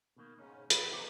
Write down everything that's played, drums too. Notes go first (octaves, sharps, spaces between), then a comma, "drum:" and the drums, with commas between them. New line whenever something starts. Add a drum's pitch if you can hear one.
B2 D#3 A#3
G#2 C#3 C#4 D#4
D#3 F#3 F#4 B4, drum: hi-hat
C3 F3 A#3 D#4 G4 C#6